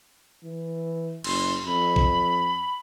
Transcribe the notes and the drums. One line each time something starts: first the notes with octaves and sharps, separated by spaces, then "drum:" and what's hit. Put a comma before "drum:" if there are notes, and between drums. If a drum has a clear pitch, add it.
E3
F#1 C6, drum: cymbal
F2 B5
drum: kick